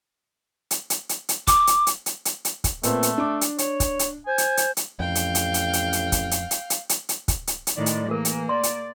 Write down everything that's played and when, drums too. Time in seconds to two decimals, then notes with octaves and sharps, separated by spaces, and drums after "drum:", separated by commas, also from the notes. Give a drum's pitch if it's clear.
0.71 drum: hi-hat
0.90 drum: hi-hat
1.09 drum: hi-hat
1.29 drum: hi-hat
1.47 D6, drum: kick, hi-hat
1.67 drum: hi-hat
1.87 drum: hi-hat
2.06 drum: hi-hat
2.25 drum: hi-hat
2.45 drum: hi-hat
2.64 drum: kick, hi-hat
2.83 A#2 A3 B3 C4, drum: hi-hat
3.03 drum: hi-hat
3.18 D4 D6
3.41 drum: hi-hat
3.58 C#5, drum: hi-hat
3.80 drum: kick, hi-hat
3.99 drum: hi-hat
4.26 C5 G#5
4.38 drum: hi-hat
4.57 drum: hi-hat
4.77 drum: hi-hat
5.00 A1 F2 F5 G5
5.15 drum: hi-hat
5.35 drum: hi-hat
5.54 drum: hi-hat
5.73 drum: hi-hat
5.93 drum: hi-hat
6.12 drum: kick, hi-hat
6.31 drum: hi-hat
6.51 drum: hi-hat
6.70 drum: hi-hat
6.89 drum: hi-hat
7.09 drum: hi-hat
7.28 drum: kick, hi-hat
7.47 drum: hi-hat
7.67 drum: hi-hat
7.76 A2 D#3 G#3 D5
7.86 drum: hi-hat
8.08 E3 A#3 G#4 A#4
8.25 drum: hi-hat
8.49 D5 C6
8.63 drum: hi-hat